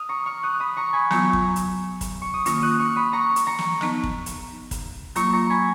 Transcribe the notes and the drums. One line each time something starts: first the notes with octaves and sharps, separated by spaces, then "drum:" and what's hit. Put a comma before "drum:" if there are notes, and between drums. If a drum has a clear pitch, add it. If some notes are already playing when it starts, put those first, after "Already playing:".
Already playing: D#6 F6
A#5 C#6
C#6 F6
D#6 F#6
B5 D#6
A#5 C#6
G#5 B5
F#3 B3 F4 A#5 C#6, drum: snare
drum: kick
drum: hi-hat
drum: kick, hi-hat
C#6
D#6
D#3 A#3 C#4 F4 C#6 F6, drum: hi-hat
D#6 F#6
C#6 F6
B5 D#6
A#5 C#6
drum: hi-hat
A#5 C#6
drum: snare
F3 B3 D#4, drum: snare
drum: kick
drum: hi-hat
drum: kick, hi-hat
F#3 A#3 F4 A#5 C#6, drum: hi-hat
A#5 C#6
G#5 B5